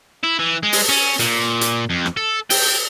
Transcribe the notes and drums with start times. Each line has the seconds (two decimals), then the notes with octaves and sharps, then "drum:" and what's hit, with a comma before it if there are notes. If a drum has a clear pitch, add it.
0.24 E4
0.39 E3
0.63 G#3
0.72 drum: open hi-hat
0.89 C#4
1.20 A#2, drum: hi-hat
1.61 drum: hi-hat
1.90 F2
2.06 drum: rim click
2.17 A4
2.50 G5, drum: open hi-hat